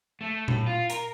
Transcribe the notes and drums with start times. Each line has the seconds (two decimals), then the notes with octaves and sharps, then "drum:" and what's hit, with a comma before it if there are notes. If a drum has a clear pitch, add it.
0.21 A3
0.48 A2, drum: tom A#2
0.66 F4
0.90 A#4, drum: hi-hat